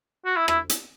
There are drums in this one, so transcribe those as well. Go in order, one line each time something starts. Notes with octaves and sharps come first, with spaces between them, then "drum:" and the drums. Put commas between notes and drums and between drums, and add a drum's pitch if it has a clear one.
F#4
E4
E4, drum: rim click
drum: hi-hat